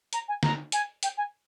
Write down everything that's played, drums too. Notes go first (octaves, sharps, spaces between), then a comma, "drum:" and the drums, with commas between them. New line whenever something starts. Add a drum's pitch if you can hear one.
A#5, drum: hi-hat
G#5
A#5, drum: snare
G#5, drum: hi-hat
G5, drum: hi-hat
G#5